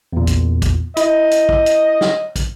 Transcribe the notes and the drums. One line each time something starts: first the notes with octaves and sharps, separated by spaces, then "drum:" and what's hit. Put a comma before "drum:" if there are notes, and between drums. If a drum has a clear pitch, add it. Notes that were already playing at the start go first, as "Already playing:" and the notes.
E2 A#2
drum: kick, hi-hat
drum: kick, hi-hat
E4 D#5, drum: hi-hat
drum: hi-hat
drum: kick
drum: hi-hat
drum: snare
drum: kick, hi-hat